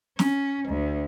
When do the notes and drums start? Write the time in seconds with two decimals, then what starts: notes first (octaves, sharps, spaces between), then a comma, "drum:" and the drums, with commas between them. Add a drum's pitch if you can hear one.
0.19 C#4, drum: snare
0.68 D2